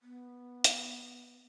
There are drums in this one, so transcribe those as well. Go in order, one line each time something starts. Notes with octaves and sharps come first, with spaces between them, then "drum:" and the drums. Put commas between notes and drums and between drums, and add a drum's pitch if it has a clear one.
B3
drum: hi-hat